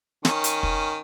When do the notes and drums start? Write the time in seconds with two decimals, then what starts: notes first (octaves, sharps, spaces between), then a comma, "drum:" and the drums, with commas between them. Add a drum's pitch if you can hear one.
0.25 D#3 C#4, drum: snare
0.44 drum: hi-hat
0.63 drum: kick